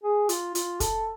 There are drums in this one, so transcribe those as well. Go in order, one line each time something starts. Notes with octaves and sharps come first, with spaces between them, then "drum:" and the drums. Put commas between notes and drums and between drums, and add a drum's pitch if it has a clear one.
G#4
F4, drum: hi-hat
F4, drum: hi-hat
A4, drum: kick, hi-hat